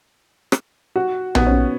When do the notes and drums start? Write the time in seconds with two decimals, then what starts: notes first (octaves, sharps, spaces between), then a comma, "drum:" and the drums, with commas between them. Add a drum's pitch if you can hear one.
0.52 drum: rim click
0.96 F#4
1.35 B3, drum: tom A#1
1.47 C#4